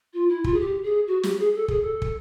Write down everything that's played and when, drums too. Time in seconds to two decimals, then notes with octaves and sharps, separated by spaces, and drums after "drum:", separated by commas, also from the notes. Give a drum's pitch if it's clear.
0.14 F4
0.29 E4
0.44 F4, drum: kick
0.54 G#4
0.60 G4
0.83 G#4
1.07 F#4
1.23 G4, drum: snare
1.35 G4
1.39 G#4
1.55 A4
1.68 G#4, drum: kick
1.82 A4
2.02 drum: kick